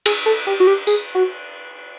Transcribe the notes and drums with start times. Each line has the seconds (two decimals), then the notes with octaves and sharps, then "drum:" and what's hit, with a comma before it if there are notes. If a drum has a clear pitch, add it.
0.06 G#4, drum: cymbal
0.26 A4
0.47 G4
0.60 F#4
0.67 G4
0.87 G#4, drum: tambourine
1.15 F#4